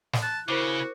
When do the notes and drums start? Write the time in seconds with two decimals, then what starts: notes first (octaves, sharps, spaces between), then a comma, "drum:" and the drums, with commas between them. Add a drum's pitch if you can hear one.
0.13 drum: snare
0.22 A5 F#6
0.48 C#3 E4 F#4 A#4 C5 D6